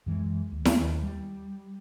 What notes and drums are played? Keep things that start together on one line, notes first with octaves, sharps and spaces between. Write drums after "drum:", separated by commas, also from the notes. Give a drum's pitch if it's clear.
F#2 E3 G#3
D#2
D#2, drum: snare E4
G3